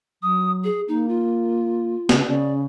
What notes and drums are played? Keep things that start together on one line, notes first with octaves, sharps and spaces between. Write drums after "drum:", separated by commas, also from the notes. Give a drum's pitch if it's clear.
F#3 D#6
G#4
A#3 D#4
F4
C#3, drum: snare
C#3 D5